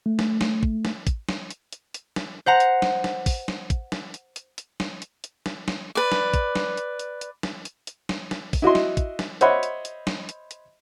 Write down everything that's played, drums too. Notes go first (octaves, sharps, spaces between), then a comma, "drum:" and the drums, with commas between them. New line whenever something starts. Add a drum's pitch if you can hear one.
A3
drum: snare
drum: snare
drum: kick
drum: snare
drum: kick, hi-hat
drum: snare
drum: hi-hat
drum: hi-hat
drum: hi-hat
drum: snare
C5 F#5 A#5
drum: hi-hat
drum: snare
drum: snare
drum: kick, open hi-hat
drum: snare
drum: kick, hi-hat
drum: snare
drum: hi-hat
drum: hi-hat
drum: hi-hat
drum: snare
drum: hi-hat
drum: hi-hat
drum: snare
drum: snare
B4 D5
drum: snare
drum: kick, hi-hat
drum: snare
drum: hi-hat
drum: hi-hat
drum: hi-hat
drum: snare
drum: hi-hat
drum: hi-hat
drum: snare
drum: snare
drum: kick, open hi-hat
E4 F#4 D#5 C6
drum: snare
drum: kick, hi-hat
drum: snare
C5 C#5 D#5 E5 F#5 B5, drum: hi-hat
drum: hi-hat
drum: hi-hat
drum: snare
drum: hi-hat
drum: hi-hat